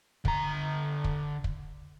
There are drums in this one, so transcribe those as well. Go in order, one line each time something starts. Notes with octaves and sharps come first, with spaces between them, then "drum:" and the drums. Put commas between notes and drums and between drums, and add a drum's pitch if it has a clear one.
D3 A#5, drum: kick
drum: kick
drum: kick